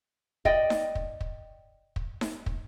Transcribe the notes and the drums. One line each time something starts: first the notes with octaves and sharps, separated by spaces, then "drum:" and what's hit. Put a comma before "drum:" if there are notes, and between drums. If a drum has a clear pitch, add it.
D5 D#5 G5, drum: kick
drum: snare D#4
drum: kick
drum: kick
drum: kick
drum: snare D#4
drum: kick